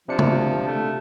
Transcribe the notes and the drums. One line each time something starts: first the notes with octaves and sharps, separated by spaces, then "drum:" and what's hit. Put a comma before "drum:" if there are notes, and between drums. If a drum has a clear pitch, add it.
C3 F3 D4 C#7
drum: tom
A3